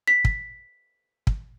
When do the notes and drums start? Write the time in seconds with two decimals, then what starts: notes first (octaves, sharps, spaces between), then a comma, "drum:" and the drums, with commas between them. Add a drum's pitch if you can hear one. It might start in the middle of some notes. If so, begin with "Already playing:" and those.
0.08 B6
0.25 drum: kick
1.27 drum: kick